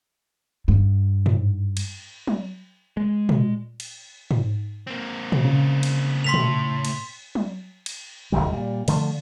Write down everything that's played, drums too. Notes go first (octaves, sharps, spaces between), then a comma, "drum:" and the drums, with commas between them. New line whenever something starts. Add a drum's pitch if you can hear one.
G2
drum: tom G#2
drum: cymbal
drum: tom F#3
G#3
drum: tom A#2
drum: cymbal
drum: tom G#2
A#3 C4
drum: tom A#2
C#3
drum: cymbal
A2 C6 B6 F7
drum: tom A#2
drum: cymbal
drum: tom F#3
drum: cymbal
D#1 G#1 D#3 G3
A#2 G3
D3 F3 A3, drum: cymbal